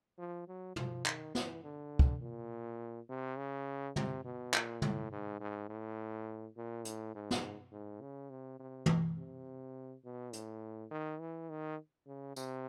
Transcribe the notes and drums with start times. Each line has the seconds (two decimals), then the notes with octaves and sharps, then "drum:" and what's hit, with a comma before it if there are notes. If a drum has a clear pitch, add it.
0.18 F3
0.48 F#3
0.76 F3, drum: tom
1.06 D#3, drum: clap
1.35 E3, drum: snare
1.64 D3
1.99 drum: kick
2.22 A#2
3.09 C3
3.38 C#3
3.96 C3, drum: tom
4.25 B2
4.54 A#2, drum: clap
4.82 A2, drum: tom
5.12 G#2
5.40 G#2
5.69 A2
6.57 A#2
6.85 A2, drum: hi-hat
7.15 G#2
7.31 drum: snare
7.72 G#2
8.01 C#3
8.30 C3
8.59 C3
8.86 drum: tom
9.18 C3
10.04 B2
10.33 A2, drum: hi-hat
10.91 D#3
11.20 E3
11.50 D#3
12.07 C#3
12.36 C3, drum: tambourine